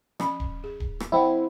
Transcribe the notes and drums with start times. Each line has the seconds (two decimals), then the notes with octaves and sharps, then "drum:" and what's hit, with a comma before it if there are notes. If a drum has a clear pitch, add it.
0.20 F3 C#4 B5, drum: rim click
0.40 drum: kick D1
0.64 G#4
0.80 drum: kick D1
1.00 drum: rim click
1.12 F3 C4 E4 F#5